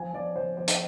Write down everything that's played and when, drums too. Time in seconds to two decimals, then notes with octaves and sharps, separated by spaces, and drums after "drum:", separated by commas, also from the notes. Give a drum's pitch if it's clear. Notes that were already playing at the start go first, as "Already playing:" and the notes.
Already playing: F3 G#5
0.13 F3 D5
0.36 F3 C5
0.57 F3 C5
0.68 drum: hi-hat